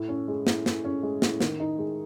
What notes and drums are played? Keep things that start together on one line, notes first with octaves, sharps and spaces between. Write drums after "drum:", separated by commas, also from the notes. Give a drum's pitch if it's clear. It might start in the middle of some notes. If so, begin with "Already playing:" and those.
Already playing: A2
C#4
G#3
A2, drum: snare
A2, drum: snare
C#4
G#3
A2, drum: snare
D#3, drum: snare
D#4
G#3